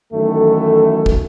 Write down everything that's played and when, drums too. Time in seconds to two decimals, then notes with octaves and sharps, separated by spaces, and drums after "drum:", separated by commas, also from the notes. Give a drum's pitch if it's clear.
0.13 F#2 D#3 E3 A3 A4
1.06 drum: kick